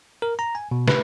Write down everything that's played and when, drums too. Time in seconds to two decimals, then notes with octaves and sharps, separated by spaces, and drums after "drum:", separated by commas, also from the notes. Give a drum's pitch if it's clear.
0.22 A#4
0.39 A#5
0.55 G#5
0.71 B2
0.88 B4, drum: snare